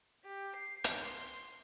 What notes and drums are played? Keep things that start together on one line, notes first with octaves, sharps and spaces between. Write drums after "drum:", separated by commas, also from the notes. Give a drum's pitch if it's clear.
G4
C7
drum: hi-hat
C6